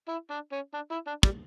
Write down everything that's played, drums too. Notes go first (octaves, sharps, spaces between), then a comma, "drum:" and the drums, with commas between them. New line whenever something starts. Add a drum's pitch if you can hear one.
E4
D4
C#4
D4
E4
D4
G3, drum: kick